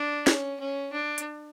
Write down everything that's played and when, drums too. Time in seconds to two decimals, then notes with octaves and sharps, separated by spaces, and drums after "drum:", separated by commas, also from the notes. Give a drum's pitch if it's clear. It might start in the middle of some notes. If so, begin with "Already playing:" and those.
Already playing: D4
0.27 C#4, drum: snare
0.60 C#4
0.93 D4
1.18 drum: hi-hat